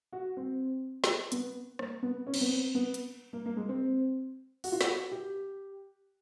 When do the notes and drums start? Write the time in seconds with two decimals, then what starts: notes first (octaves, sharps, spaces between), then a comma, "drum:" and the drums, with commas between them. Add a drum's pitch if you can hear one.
0.13 F#4
0.37 C4
1.04 drum: snare
1.32 B3, drum: hi-hat
1.79 A#3, drum: rim click
2.03 B3
2.27 C#4
2.34 C4, drum: cymbal
2.41 B3
2.48 C4
2.75 B3
2.94 drum: hi-hat
3.33 A#3
3.46 A#3
3.57 G#3
3.69 C4
4.64 F#4, drum: open hi-hat
4.72 F4
4.81 F#4, drum: snare
5.12 G4